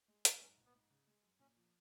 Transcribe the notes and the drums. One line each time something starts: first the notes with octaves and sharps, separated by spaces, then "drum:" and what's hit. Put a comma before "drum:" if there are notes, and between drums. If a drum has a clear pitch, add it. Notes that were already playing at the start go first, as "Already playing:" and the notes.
G#3
F#2, drum: hi-hat
G#2 C#4
A#1
B3
G#2
C#3
G#3
F#2
A#2 C#4
F3